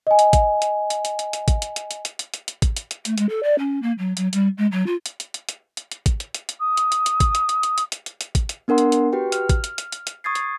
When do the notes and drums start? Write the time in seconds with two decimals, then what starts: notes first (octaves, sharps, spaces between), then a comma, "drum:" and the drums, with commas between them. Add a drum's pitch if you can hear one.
0.07 D#5 G#5
0.19 drum: hi-hat
0.33 drum: kick, hi-hat
0.62 drum: hi-hat
0.90 drum: hi-hat
1.05 drum: hi-hat
1.19 drum: hi-hat
1.33 drum: hi-hat
1.48 drum: kick, hi-hat
1.62 drum: hi-hat
1.76 drum: hi-hat
1.91 drum: hi-hat
2.05 drum: hi-hat
2.19 drum: hi-hat
2.34 drum: hi-hat
2.48 drum: hi-hat
2.62 drum: kick, hi-hat
2.77 drum: hi-hat
2.91 drum: hi-hat
3.05 A3, drum: hi-hat
3.18 G#3, drum: hi-hat
3.29 A4
3.43 D5
3.58 C#4
3.82 A#3
3.98 F#3
4.17 F#3, drum: hi-hat
4.33 G3, drum: hi-hat
4.57 G#3
4.71 F#3
4.86 F4
5.06 drum: hi-hat
5.20 drum: hi-hat
5.34 drum: hi-hat
5.49 drum: hi-hat
5.77 drum: hi-hat
5.92 drum: hi-hat
6.06 drum: kick, hi-hat
6.20 drum: hi-hat
6.34 drum: hi-hat
6.49 drum: hi-hat
6.59 D#6
6.77 drum: hi-hat
6.92 drum: hi-hat
7.06 drum: hi-hat
7.20 drum: kick, hi-hat
7.35 drum: hi-hat
7.49 drum: hi-hat
7.63 drum: hi-hat
7.78 drum: hi-hat
7.92 drum: hi-hat
8.06 drum: hi-hat
8.21 drum: hi-hat
8.35 drum: kick, hi-hat
8.49 drum: hi-hat
8.68 B3 D4 A#4 F#5 C6
8.78 drum: hi-hat
8.92 drum: hi-hat
9.13 F#4 G4 B4 G5
9.32 F6, drum: hi-hat
9.49 drum: kick, hi-hat
9.64 drum: hi-hat
9.78 drum: hi-hat
9.92 drum: hi-hat
10.07 drum: hi-hat
10.24 C#6 D#6 G#6 A6 C7
10.35 drum: hi-hat